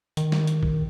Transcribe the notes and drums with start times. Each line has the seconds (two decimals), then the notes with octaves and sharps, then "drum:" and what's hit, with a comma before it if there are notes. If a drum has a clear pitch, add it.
0.17 D#3, drum: hi-hat
0.32 drum: snare
0.47 drum: hi-hat
0.63 drum: kick